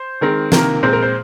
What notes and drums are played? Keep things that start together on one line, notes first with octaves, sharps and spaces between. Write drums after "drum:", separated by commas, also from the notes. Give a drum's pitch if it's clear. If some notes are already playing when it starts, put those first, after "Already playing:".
Already playing: C5
D#3 G#3 C4 A#4
C3 D#3 A#3 A#4, drum: snare
A#2 G#3 C4 C5
A#4
C5